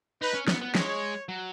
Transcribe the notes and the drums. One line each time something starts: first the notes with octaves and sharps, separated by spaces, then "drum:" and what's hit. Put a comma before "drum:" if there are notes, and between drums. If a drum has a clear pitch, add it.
D#4 B4
C#4
B3, drum: snare
B3
G#3 C#5, drum: snare
F#3